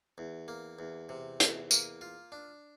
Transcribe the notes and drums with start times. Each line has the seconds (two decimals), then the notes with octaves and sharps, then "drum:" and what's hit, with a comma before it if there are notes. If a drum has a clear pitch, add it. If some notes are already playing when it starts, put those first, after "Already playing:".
0.18 E2
0.48 A#3
0.79 E2
1.09 C3
1.40 E2, drum: hi-hat
1.71 A#3, drum: tambourine
2.01 F4
2.32 D4